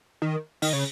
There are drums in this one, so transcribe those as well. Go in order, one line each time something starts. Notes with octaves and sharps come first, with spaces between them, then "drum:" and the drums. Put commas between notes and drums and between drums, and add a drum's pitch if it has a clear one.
D#3
D#3, drum: open hi-hat
C#3